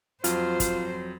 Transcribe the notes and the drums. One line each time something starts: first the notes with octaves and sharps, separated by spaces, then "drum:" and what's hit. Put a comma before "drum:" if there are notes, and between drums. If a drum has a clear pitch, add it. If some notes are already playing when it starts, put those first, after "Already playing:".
F2 F#3 F4 C5, drum: hi-hat
drum: kick, hi-hat